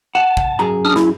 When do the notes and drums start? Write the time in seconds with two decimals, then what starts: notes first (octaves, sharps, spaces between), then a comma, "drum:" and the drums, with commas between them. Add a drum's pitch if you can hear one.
0.15 F#5 A5
0.37 drum: kick
0.59 F#2 G#4 A#5
0.85 D4 D#6 F6
0.96 E4, drum: snare